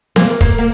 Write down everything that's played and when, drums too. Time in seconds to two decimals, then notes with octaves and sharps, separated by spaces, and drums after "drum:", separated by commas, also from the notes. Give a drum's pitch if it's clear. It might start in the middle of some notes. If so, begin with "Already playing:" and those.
0.16 A#3, drum: snare B3
0.41 A#3, drum: kick
0.58 A#3